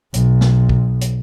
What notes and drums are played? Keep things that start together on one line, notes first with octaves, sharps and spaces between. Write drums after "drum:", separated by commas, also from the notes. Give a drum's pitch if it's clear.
B1, drum: hi-hat
drum: snare
drum: kick B1
drum: hi-hat